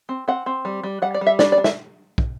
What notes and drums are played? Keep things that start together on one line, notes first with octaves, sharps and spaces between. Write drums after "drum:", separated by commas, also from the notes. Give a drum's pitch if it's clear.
C4
C4 F#5
C4
G3
G3
G3 F#5
D5
G3
E5
D4 D5, drum: snare
D5
D4
E5, drum: snare
drum: kick